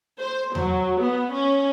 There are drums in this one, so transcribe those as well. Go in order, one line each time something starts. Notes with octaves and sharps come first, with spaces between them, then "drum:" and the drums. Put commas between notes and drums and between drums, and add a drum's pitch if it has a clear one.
C5
F#3, drum: tom E2
B3
C#4